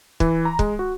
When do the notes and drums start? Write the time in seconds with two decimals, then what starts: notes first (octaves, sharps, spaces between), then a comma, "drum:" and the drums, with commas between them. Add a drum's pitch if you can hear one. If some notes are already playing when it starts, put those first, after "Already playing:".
0.20 E3, drum: kick
0.45 A#5
0.59 G#3, drum: kick
0.79 F#4